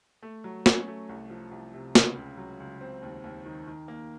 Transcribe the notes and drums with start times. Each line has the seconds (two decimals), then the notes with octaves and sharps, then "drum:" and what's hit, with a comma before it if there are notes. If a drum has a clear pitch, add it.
0.22 A3
0.44 F#3
0.66 C#4, drum: snare
0.88 A3
1.09 C2
1.30 F3
1.51 C2
1.74 C3
1.95 C#3, drum: snare
2.16 C#2
2.37 F#3
2.60 C#2
2.81 C4
3.02 D#2
3.24 D#2
3.45 D#3
3.67 D#3
3.88 A#3